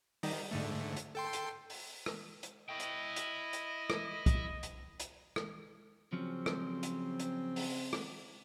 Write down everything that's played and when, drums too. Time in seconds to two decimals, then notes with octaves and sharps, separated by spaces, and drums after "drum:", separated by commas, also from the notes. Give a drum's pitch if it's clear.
0.23 D#3 G3 D#4, drum: open hi-hat
0.51 G#2 D3 A3
0.96 drum: hi-hat
1.15 A4 G5 C6
1.33 drum: hi-hat
1.70 drum: open hi-hat
2.06 drum: rim click
2.43 drum: hi-hat
2.69 E4 D#5 G5
2.80 drum: hi-hat
3.16 drum: hi-hat
3.53 drum: hi-hat
3.90 drum: rim click
4.26 drum: kick, hi-hat
4.63 drum: hi-hat
5.00 drum: hi-hat
5.36 drum: rim click
6.13 C#3 F3 F#3 C4 C#4
6.46 drum: rim click
6.83 drum: hi-hat
7.19 drum: hi-hat
7.56 drum: open hi-hat
7.93 drum: rim click